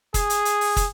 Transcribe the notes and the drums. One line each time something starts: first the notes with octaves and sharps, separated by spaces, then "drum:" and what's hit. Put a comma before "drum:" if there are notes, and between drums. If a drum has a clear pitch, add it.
G#4, drum: kick, hi-hat
drum: hi-hat
drum: hi-hat
drum: open hi-hat
drum: kick, hi-hat